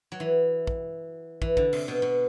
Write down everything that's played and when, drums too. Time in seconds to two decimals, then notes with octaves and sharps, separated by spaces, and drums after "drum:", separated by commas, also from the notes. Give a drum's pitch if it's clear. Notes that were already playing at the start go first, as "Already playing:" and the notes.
0.12 F#3
0.20 E3
0.67 drum: kick
1.42 E3, drum: kick
1.57 D3, drum: kick
1.73 C3, drum: cymbal
1.88 B2
2.02 B2